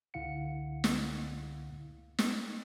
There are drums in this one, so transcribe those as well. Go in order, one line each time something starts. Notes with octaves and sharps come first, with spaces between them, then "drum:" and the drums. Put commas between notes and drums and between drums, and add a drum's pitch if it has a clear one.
C#2 D3 E4 F5 F#5 C#7
drum: snare
drum: snare